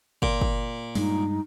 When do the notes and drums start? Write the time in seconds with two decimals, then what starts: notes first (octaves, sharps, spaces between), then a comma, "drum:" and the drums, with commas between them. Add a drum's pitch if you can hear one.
0.22 A#2, drum: kick
0.41 drum: kick
0.95 G2 G#3 D#4, drum: open hi-hat